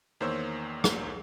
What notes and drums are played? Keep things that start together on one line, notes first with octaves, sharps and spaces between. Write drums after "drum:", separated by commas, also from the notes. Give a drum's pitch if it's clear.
E2 D#3 A#3 C5 C#5 E6
drum: rim click